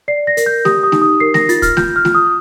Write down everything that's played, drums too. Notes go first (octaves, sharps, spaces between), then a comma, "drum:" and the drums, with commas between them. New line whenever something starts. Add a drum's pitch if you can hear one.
D5 C7
A#6
A#4, drum: hi-hat
G6
G4 D#6, drum: snare A3
D#6
D#4, drum: snare A3
D#6
A#4 C7
A#6, drum: snare A3
F4 A6, drum: hi-hat
F6, drum: kick, hi-hat
F4 G6, drum: snare A3
F6
F4, drum: snare A3
D#6